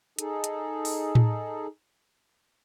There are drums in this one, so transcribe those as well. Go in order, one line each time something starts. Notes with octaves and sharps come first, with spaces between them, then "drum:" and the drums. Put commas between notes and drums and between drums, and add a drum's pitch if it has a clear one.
D#4 G#4 A4, drum: hi-hat
drum: hi-hat
drum: open hi-hat
drum: tom A2